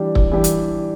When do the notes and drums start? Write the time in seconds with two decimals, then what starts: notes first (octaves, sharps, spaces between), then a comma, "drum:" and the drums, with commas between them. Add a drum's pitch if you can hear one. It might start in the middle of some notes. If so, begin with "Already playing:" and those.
Already playing: E3 G3 D4 G4
0.15 drum: kick
0.31 E3 G3 D4 G4
0.44 drum: hi-hat